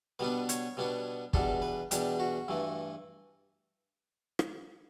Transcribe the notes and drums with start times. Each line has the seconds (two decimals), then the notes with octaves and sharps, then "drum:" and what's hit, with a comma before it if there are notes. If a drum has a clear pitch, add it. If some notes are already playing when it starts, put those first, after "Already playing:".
0.19 B2 G3 B3 D4 B4
0.49 C#5, drum: hi-hat
0.77 B2 G3 B3 D4
1.33 E2 B2 G3 D4 A4, drum: kick
1.62 B4
1.91 E2 B2 G3 D4 G4, drum: hi-hat
2.20 F#4
2.48 G2 E3 A3
4.39 drum: rim click